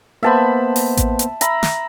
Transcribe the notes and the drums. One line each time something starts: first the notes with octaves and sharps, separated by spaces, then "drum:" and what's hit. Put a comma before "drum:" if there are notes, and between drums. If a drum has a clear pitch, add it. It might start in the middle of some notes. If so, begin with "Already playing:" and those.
A#3 B3 C5 E5 A5 B5
drum: open hi-hat
drum: kick A1, hi-hat
drum: hi-hat
E5 A#5 B5, drum: hi-hat
drum: snare